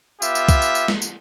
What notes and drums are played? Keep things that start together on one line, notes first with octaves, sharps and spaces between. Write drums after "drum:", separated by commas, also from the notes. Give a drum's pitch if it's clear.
B3 F4 G4 E5, drum: tambourine
drum: tambourine
drum: kick C2, tambourine
drum: tambourine
drum: tambourine
drum: snare
drum: tambourine